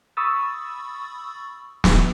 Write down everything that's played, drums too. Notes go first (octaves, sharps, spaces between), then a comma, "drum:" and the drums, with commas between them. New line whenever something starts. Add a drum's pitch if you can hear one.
B5 C#6 D#6 E6 A6
drum: snare